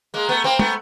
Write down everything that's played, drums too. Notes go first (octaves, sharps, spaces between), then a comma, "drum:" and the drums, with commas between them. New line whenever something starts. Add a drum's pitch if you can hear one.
G#3 A#3
A3 B3
A#3 C4
A3 B3, drum: tom